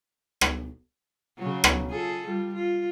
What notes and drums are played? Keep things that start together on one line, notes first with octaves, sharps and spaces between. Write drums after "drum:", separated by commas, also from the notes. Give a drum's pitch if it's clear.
drum: rim click
C#3 F#3
drum: rim click
F4 G#4 A4
G3 F4
F4